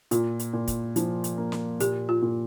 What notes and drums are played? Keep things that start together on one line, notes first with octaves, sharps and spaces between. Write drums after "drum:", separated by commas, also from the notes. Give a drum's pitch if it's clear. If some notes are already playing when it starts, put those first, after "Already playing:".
A#2 F4, drum: hi-hat
drum: hi-hat
A#2
drum: kick, hi-hat
F3, drum: hi-hat
drum: hi-hat
A#3
drum: snare
A#2 G4, drum: hi-hat
F4
A#2